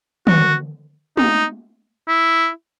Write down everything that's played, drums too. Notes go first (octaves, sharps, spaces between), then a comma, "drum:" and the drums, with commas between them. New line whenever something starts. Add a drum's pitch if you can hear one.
F#4, drum: tom
D#4, drum: tom
E4